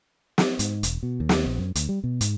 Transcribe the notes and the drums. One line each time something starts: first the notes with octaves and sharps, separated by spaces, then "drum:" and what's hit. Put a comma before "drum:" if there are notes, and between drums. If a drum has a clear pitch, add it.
drum: snare
G#2, drum: hi-hat
E1, drum: hi-hat
B2
D#2
drum: snare
A#1
F#2
D2, drum: hi-hat
G3
B2
G#2, drum: hi-hat